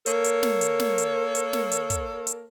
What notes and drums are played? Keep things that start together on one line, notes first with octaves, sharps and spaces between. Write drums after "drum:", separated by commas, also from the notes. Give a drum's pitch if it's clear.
A#3 A4 A#4 C#5, drum: hi-hat
drum: hi-hat
drum: snare
drum: hi-hat
drum: snare
drum: hi-hat
drum: hi-hat
drum: snare
drum: hi-hat
drum: kick, hi-hat
drum: hi-hat